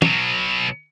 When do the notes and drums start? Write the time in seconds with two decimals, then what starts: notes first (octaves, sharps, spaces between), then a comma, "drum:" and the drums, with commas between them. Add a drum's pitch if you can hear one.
0.02 B2 F#3, drum: tom